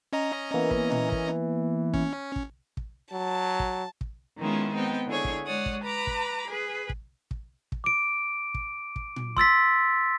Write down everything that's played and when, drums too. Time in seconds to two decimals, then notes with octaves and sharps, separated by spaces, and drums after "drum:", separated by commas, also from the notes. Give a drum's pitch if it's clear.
0.13 C#4 D#5 A#5
0.54 E3 A#3 B3
0.71 drum: kick
0.91 drum: tom A#2
1.12 drum: kick
1.94 C#4, drum: kick
2.36 drum: kick
2.77 drum: kick
3.12 F#3 A5
3.60 drum: kick
4.01 drum: kick
4.38 D#3 G#3 B3 C#4 E4 F4
4.74 B3 C4 D#4 G5
5.07 D3 E4 G#4 C#5
5.25 drum: kick
5.45 G#3 C#5 D5 F#5 D#6
5.66 drum: kick
5.83 B4 A#5 B5 D6
6.07 drum: kick
6.48 G#4 B4
6.89 drum: kick
7.31 drum: kick
7.72 drum: kick
7.84 D6 D7
8.54 drum: kick
8.96 drum: kick
9.16 drum: tom A#2
9.37 C6 E6 A6 B6, drum: kick